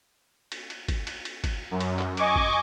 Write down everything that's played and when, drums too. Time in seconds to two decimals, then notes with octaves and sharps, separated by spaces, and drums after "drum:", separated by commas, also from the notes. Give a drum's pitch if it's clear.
0.52 drum: cymbal
0.70 drum: cymbal
0.88 drum: kick, cymbal
1.07 drum: cymbal
1.25 drum: cymbal
1.44 drum: kick, cymbal
1.71 F#2
1.80 drum: cymbal
1.99 drum: clap
2.17 D#5 G#5 C#6 D6, drum: cymbal
2.36 drum: kick